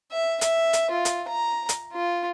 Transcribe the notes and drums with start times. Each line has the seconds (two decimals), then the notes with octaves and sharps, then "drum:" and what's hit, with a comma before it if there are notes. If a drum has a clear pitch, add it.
0.12 E5
0.41 E5, drum: hi-hat
0.73 drum: hi-hat
0.90 F4
1.05 drum: hi-hat
1.28 A#5
1.69 drum: hi-hat
1.93 F4